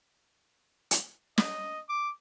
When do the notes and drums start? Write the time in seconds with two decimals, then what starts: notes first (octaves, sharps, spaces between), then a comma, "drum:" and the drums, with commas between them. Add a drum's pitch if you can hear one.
0.91 drum: hi-hat
1.38 D#5, drum: snare
1.89 D6